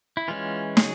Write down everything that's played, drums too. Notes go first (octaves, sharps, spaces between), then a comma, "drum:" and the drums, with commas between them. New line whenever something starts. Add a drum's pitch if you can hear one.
E4
E3 G#3 C#4 F4
C#3 F#3 G#4, drum: snare